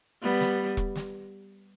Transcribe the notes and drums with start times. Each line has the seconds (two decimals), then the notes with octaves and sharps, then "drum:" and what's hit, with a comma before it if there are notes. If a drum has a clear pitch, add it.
0.22 G3 B3
0.40 drum: snare
0.77 drum: kick E1
0.96 drum: snare